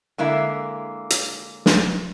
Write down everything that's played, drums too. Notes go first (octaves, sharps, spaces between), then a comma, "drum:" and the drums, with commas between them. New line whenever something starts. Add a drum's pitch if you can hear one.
D3 G#3 A#3 E4 E5
drum: hi-hat
drum: snare